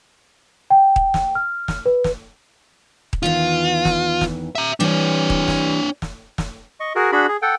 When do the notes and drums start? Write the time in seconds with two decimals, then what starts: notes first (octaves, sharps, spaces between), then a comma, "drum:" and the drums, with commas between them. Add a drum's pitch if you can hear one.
0.70 G5
0.96 drum: kick D#1
1.14 drum: snare
1.35 F6
1.68 drum: snare
1.86 B4
2.04 drum: snare
3.13 drum: kick D#1
3.23 E2 D#3 E3 F4
3.85 drum: snare
4.21 drum: snare
4.55 E5 A#5
4.80 E3 G3 C4 D4 C#5
5.30 drum: kick D#1
5.48 drum: snare
6.02 drum: snare
6.38 drum: snare
6.80 D#5 C#6
6.95 F#4 G#4 A#4
7.12 D4 F#4 G#4 B5
7.29 G#4
7.42 A4 F#5 G5